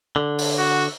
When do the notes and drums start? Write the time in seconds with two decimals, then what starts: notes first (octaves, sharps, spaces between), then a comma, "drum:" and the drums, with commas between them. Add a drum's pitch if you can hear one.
0.16 D3
0.38 drum: open hi-hat
0.58 F#4